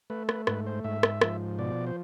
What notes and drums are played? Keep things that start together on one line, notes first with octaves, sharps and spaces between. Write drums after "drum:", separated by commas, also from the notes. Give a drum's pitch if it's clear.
A3 B4
B4, drum: rim click
G#2 B4, drum: rim click
C5
G#2 E5
drum: rim click
F3, drum: rim click
B2 D5
C5